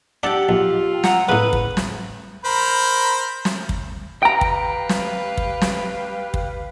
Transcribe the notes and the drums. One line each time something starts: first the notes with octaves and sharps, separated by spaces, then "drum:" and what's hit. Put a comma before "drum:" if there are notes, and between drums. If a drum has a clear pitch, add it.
D4 G4 A4 F#5 A5
A#1 F4
F#5 A#5 E6, drum: snare
A2 C#3 B4 D#6
drum: kick
drum: snare
A#4 C5 B5
drum: snare
drum: kick
G4 B4 F5 G5 A#5
drum: kick
drum: snare
drum: kick
drum: snare
drum: kick